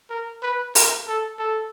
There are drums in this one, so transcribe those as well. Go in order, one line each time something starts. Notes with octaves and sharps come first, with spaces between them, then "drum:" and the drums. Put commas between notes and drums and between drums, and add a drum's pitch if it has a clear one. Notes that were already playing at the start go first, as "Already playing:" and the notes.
A#4
B4
A#4, drum: open hi-hat
A4
A4